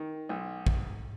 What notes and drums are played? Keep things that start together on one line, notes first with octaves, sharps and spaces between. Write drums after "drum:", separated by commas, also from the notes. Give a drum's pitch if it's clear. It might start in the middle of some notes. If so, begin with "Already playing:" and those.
Already playing: D#3
B1
drum: kick